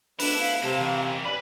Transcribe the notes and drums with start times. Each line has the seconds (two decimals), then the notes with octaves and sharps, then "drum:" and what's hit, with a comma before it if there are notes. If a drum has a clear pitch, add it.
0.19 A3 B3 D4 E4 B4, drum: open hi-hat
0.39 F5
0.63 C3 A#3 A4
0.79 D#3 E3
1.25 G2 C#4 B4 D5 B5